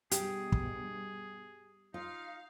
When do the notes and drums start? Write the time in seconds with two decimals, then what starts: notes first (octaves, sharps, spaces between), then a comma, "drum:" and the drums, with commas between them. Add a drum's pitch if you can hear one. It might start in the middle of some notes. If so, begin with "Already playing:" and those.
0.11 G2 B2 G4 G#4, drum: hi-hat
0.52 drum: kick
1.94 D#4 F4 F5